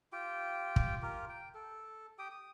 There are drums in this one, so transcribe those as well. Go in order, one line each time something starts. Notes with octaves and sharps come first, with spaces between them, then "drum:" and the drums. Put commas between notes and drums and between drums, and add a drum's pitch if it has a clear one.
F4 G4 G5
drum: kick
F4 G4 A#4
G5
A4
G4 G5 D#6
D#6